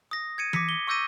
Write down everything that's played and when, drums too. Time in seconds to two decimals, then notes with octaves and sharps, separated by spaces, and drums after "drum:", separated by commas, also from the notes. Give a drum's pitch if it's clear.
0.11 D#6 A#6
0.38 G#6 C#7 D#7
0.53 D6 A#6 B6 C#7, drum: tom E3
0.69 G7
0.87 C#6 D6 E6 G6 A#6 D#7